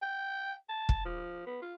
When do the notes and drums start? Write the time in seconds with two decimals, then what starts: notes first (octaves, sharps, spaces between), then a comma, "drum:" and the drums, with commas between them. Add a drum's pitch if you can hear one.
0.02 G5
0.69 A5
0.89 drum: kick
1.05 F3
1.46 B3
1.62 F4